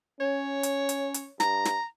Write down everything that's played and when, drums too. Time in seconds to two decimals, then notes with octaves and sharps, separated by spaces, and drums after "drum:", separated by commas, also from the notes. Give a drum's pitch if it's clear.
0.20 C#4 C#5
0.63 drum: hi-hat
0.89 drum: hi-hat
1.14 drum: hi-hat
1.40 G2 A#5, drum: snare
1.65 drum: snare